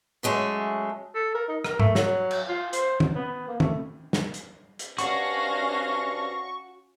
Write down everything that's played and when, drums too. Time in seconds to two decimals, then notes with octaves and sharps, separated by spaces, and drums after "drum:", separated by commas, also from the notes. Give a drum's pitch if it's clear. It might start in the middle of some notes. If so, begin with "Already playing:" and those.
0.23 C#3 F#3 G#3 A3
1.15 A4
1.35 A#4
1.48 D#4
1.64 A#4, drum: rim click
1.80 A3, drum: tom G#2
1.95 F#3, drum: snare
2.31 drum: cymbal
2.48 F4
2.73 C5, drum: hi-hat
3.00 F#3, drum: tom
3.15 B3
3.48 A#3
3.60 A3, drum: tom
4.13 drum: snare
4.34 drum: hi-hat
4.79 drum: hi-hat
4.98 G2 C3 C#4 D4 F#4 F5 C#6 A#6, drum: hi-hat